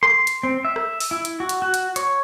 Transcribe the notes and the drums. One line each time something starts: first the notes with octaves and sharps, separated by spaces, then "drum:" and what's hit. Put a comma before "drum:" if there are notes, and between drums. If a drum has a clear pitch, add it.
C6, drum: rim click
drum: hi-hat
C4
E5
drum: rim click
drum: open hi-hat
E4
drum: hi-hat
F#4
drum: hi-hat
F#4
drum: hi-hat
C#5, drum: hi-hat